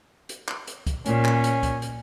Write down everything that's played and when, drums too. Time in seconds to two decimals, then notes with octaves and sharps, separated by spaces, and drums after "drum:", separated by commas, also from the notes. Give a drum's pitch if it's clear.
0.29 drum: hi-hat
0.48 drum: clap
0.67 drum: hi-hat
0.87 drum: kick, hi-hat
1.06 A#2 C#4, drum: hi-hat
1.25 drum: clap
1.44 drum: hi-hat
1.63 drum: kick, hi-hat
1.82 drum: hi-hat